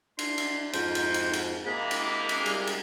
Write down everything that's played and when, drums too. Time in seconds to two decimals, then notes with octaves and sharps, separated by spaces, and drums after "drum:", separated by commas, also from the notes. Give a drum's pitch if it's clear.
0.19 D4 C6, drum: cymbal
0.38 drum: cymbal
0.73 F2 G#2 C5, drum: cymbal
0.95 drum: cymbal
1.14 drum: cymbal
1.33 drum: cymbal
1.66 C3 G#3 A#3 B5
1.91 drum: cymbal
2.29 drum: cymbal
2.46 G3, drum: cymbal
2.67 drum: cymbal